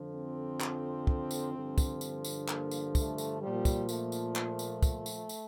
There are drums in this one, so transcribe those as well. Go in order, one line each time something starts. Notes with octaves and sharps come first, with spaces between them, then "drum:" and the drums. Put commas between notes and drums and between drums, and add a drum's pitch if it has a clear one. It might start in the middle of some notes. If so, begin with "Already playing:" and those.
Already playing: F2 D3 F3
C4
drum: clap
drum: kick
drum: tambourine
G2 D3 F3
drum: kick, tambourine
drum: tambourine
drum: tambourine
A#3, drum: clap
drum: tambourine
A3, drum: kick, tambourine
drum: tambourine
A#2 F3 G3
drum: kick, tambourine
A3, drum: tambourine
drum: tambourine
drum: clap
drum: tambourine
drum: kick, tambourine
drum: tambourine
drum: tambourine